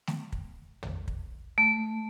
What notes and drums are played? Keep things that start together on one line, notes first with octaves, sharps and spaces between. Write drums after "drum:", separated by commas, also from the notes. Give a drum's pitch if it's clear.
drum: snare A3
drum: kick
drum: tom
drum: kick
A3